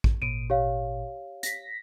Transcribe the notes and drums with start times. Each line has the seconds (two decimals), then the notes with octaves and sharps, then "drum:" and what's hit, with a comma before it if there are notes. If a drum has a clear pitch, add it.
0.04 drum: kick A1
0.22 G#1 A#2 D7 D#7
0.50 G4 C#5 F5
1.43 A#6 B6, drum: hi-hat